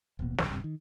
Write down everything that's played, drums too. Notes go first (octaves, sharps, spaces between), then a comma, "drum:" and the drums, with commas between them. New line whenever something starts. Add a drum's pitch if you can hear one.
D#1 A1 B2 A#3
D#1 B1 G2, drum: snare
E1 G2 C3
D#3